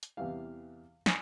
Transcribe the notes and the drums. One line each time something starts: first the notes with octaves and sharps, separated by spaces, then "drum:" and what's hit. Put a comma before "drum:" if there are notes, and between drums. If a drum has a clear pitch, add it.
drum: hi-hat
E2 C3 E3 G3 F5
G#5, drum: snare